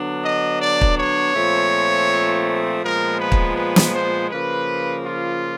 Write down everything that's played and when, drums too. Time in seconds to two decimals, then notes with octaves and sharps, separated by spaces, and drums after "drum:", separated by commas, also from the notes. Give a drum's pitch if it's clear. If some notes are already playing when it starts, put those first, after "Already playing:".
Already playing: D3 F#3 B3 D4
0.25 D#5
0.61 D5
0.81 drum: kick
0.98 C#5
1.34 A#2 F3 A3 C4
2.82 A#2 F3 G#3 B3 A#4
3.20 B4
3.32 drum: kick
3.57 B4
3.76 drum: snare
3.94 C5
4.31 C#3 F3 A#3 B4
5.05 F4